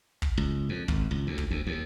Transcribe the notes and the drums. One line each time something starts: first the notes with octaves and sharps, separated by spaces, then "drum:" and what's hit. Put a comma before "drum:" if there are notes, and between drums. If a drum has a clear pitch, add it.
drum: kick
C#2
F2
G#1, drum: kick
C#2
D2
drum: kick
D2
D#2